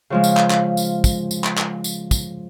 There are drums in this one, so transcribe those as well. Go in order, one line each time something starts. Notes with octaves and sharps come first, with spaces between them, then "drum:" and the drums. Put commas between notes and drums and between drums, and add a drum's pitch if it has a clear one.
C#3 F3 G#3
drum: tambourine
drum: clap
drum: clap
drum: tambourine
drum: kick, tambourine
drum: tambourine
drum: clap
drum: clap
drum: tambourine
drum: kick, tambourine